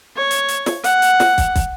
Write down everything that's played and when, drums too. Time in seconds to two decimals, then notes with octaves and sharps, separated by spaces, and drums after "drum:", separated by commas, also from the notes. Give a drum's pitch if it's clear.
0.16 C#5
0.31 drum: hi-hat
0.48 drum: hi-hat
0.66 drum: snare
0.84 F#5, drum: hi-hat
1.02 drum: hi-hat
1.20 drum: snare
1.38 drum: kick, hi-hat
1.56 drum: kick, hi-hat